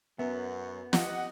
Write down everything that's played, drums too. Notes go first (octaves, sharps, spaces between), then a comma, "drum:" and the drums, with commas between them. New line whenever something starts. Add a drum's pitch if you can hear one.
F#2 B3 E5
G4 D#5 F#5, drum: snare